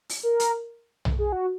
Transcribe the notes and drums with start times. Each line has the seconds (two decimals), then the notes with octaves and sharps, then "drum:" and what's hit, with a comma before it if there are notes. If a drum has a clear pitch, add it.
0.09 drum: open hi-hat
0.23 A#4
0.40 drum: hi-hat
1.05 drum: tom B1
1.19 G#4
1.32 F#4